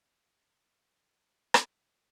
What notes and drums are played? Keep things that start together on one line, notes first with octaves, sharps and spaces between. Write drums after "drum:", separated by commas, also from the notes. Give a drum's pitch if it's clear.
B2 D3 G3 G4 G#4 B4
drum: rim click